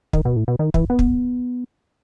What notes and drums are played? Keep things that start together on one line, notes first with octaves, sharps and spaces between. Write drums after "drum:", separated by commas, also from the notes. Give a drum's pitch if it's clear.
D#3, drum: kick
B2
A2
B2
D#3
E3, drum: kick
B3
drum: kick